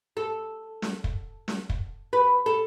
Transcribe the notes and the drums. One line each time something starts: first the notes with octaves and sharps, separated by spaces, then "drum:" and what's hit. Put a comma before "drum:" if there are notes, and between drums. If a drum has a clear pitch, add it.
A4
drum: snare
drum: kick
drum: snare
drum: kick
B4
A4